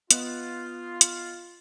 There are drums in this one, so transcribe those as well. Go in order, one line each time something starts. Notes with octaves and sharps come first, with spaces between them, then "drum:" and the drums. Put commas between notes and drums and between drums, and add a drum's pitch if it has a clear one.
B3 F4 D#5 F#6, drum: hi-hat
drum: hi-hat